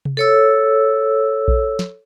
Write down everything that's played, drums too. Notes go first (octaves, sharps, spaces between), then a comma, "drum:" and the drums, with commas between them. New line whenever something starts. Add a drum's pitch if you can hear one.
drum: tom C3
A4 C#5 E6
drum: kick A#1
drum: snare